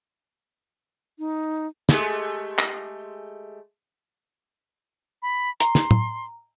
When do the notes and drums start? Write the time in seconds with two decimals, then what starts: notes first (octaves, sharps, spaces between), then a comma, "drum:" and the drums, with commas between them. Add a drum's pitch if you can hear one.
1.19 D#4
1.89 G#3 A3 G4, drum: snare
2.58 drum: clap
5.22 B5
5.60 A#5 C6, drum: hi-hat
5.75 drum: snare
5.91 drum: tom A2